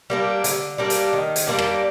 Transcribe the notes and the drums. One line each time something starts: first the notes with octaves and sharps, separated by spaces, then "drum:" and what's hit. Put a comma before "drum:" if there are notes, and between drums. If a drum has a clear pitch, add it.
G3 A#3 D4
D3, drum: hi-hat
G3 A#3 D4
drum: hi-hat
D#3
drum: hi-hat
G3 A#3 D4
drum: rim click